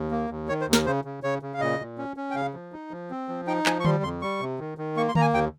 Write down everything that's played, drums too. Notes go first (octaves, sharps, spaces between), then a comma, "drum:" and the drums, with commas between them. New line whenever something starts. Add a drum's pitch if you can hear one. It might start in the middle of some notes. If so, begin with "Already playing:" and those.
Already playing: D#2
A#3
D#2
D#3 C#5
C5
D#2
A#4, drum: snare
C#3 C5
C#3
C#3 C#5
C#3
F5
A#2 D#5
A#2
C#4
C#4
G5
C#3 F5
F3
D#4
F3
C4
F3
D#4 G5
F3 G#5, drum: clap
C#6
G3 C6, drum: tom D3
F2 C6
G3 C#6
C3
D#3
D#3
A#3 C#6
C6
A#3 A#5, drum: tom D3
G#5
D#2 G5